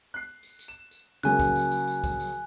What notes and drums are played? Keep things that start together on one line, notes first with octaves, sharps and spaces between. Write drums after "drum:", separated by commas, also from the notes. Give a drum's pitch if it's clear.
F#6 C7
drum: tambourine
drum: tambourine
E7
drum: tambourine
C#3 F#3 A#3 G#5 F#6, drum: tambourine
drum: kick C#2, tambourine
drum: tambourine
drum: tambourine
drum: tambourine
drum: kick C#2, tambourine
drum: tambourine